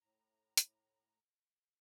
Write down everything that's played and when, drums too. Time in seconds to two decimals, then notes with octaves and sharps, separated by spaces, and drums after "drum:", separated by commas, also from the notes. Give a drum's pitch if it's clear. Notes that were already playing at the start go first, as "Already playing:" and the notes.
0.01 A2 A#5
0.57 drum: hi-hat